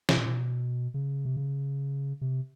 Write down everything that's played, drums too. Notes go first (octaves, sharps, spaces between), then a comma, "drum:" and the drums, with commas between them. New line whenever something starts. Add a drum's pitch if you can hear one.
B2, drum: snare
A#2
B2
C#3
C3
C#3
C3